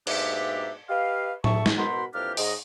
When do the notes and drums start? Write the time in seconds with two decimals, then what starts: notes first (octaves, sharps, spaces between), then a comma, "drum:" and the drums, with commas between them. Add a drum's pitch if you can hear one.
0.07 G#2 B2 A#3 D4 G4 E5, drum: cymbal
0.89 G4 B4 D#5 F5
1.44 A3 E5 A5 C#6, drum: tom A2
1.66 drum: snare
1.77 B2 F#4 A#4 C5 B5 C6
2.14 F2 E3 A#3 D4 G4 F6
2.37 G#2 D#5, drum: open hi-hat